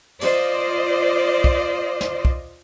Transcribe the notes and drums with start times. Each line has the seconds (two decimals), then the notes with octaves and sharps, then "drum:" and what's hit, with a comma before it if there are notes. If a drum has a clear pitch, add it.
0.21 F4 C5 D5 D#5, drum: cymbal
1.44 drum: kick
2.01 drum: snare
2.25 drum: kick